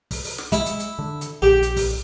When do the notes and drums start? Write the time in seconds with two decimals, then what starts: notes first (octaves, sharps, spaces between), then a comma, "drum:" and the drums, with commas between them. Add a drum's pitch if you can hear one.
0.11 drum: kick, open hi-hat
0.25 drum: open hi-hat
0.38 drum: snare
0.52 G#3 E4, drum: kick, hi-hat
0.66 drum: hi-hat
0.80 drum: hi-hat
0.99 D3
1.21 drum: hi-hat
1.42 A#1 G4
1.63 drum: hi-hat
1.76 drum: kick, open hi-hat